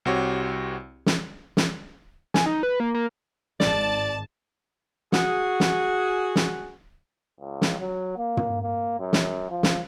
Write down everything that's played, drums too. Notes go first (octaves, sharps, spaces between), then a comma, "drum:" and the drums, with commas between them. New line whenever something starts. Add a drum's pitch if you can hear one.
C2 C4 F#4 G4 C#5
drum: snare
drum: snare
G#5, drum: snare
D#4
B4
A#3
A#3
G#1 D5 A5, drum: snare
F#4 G#4, drum: snare
drum: snare
drum: snare
C#2
drum: snare
F#3
A#3
drum: tom
A#3
F#2
drum: snare
F3
drum: snare